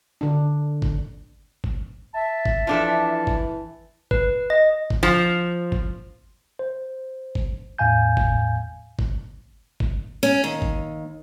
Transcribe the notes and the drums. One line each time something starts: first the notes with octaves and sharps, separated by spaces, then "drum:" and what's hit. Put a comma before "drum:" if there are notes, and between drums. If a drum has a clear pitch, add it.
D3 D4
drum: kick
drum: kick
E5 A5
drum: kick
E3 F3 D4 A4
drum: kick
B4, drum: kick
D#5
drum: kick
F3
drum: kick
C5
drum: kick
E2 A2 F5 G#5 G6
drum: kick
drum: kick
drum: kick
C#4
D#2
drum: kick